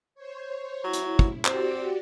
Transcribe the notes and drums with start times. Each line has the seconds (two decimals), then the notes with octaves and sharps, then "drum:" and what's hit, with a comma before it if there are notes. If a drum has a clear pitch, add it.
0.14 C5 C#5
0.84 F#3 E4
0.93 drum: hi-hat
1.19 drum: kick
1.45 C4 F#4 G4 D5, drum: clap